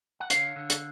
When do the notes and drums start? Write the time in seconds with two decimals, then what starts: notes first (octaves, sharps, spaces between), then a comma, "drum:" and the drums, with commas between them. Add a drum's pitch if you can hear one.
0.20 F#5
0.30 D3 C#5 F5, drum: hi-hat
0.56 D3
0.70 drum: hi-hat